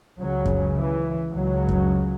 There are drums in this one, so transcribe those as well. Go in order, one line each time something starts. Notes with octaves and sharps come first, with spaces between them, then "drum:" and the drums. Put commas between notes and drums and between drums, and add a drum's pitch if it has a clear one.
C#2 C#3 F#3
drum: kick F#2
E3
C#2 C#3 F#3
drum: kick F#2